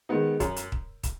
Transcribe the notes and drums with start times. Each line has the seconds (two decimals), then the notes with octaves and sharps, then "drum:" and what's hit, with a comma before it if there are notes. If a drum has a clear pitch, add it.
0.09 D#3 G#3 B3 D#4
0.40 F#2, drum: kick, hi-hat
0.56 drum: hi-hat
0.72 drum: kick
1.03 drum: kick, hi-hat